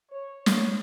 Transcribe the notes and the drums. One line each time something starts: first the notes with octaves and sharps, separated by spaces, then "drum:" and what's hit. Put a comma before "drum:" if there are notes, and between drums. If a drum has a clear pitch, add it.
C#5
C#5, drum: snare